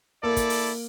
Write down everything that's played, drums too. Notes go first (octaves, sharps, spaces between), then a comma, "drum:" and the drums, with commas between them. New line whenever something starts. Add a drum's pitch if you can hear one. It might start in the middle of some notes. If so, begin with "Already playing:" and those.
A#3 E4 A4 D5
drum: kick, hi-hat
drum: open hi-hat